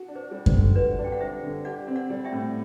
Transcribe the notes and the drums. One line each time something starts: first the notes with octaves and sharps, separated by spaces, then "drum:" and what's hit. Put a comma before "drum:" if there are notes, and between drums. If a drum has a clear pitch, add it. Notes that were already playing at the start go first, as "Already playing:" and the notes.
Already playing: F#4
D4
C5
G3
C5, drum: kick F#2
D3
F#4 B4 D5
D4
G5
F#5
G3 C5 E5
D3
G4 D5 F#5
C4
D5 F#5
G3
E5 G5
A2